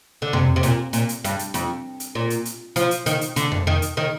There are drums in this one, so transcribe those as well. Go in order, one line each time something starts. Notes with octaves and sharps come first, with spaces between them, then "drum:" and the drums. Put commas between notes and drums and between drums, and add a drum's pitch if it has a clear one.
D3
C3, drum: tom F2
C3
A#2, drum: hi-hat
A#2, drum: hi-hat
drum: hi-hat
G2, drum: hi-hat
drum: hi-hat
F2, drum: hi-hat
drum: hi-hat
A#2
drum: hi-hat
drum: hi-hat
F3, drum: hi-hat
drum: hi-hat
D#3, drum: hi-hat
drum: hi-hat
D3, drum: hi-hat
drum: tom F2
D#3
drum: hi-hat
D#3